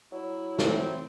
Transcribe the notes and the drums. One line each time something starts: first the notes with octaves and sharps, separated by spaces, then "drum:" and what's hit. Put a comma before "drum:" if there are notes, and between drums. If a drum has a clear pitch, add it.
F#3 E4
C4, drum: snare